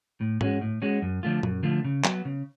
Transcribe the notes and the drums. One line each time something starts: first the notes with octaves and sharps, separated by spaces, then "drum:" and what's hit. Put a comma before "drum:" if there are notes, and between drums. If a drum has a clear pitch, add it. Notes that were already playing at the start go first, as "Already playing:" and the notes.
A2
G#3 C#4 F#4, drum: tom G#2
A2
G#3 C#4 F#4
F#2
D3 F3 A3 F4
F#2, drum: tom A#2
D3 F3 A3 F4
C#3
F#3 B3, drum: clap
C#3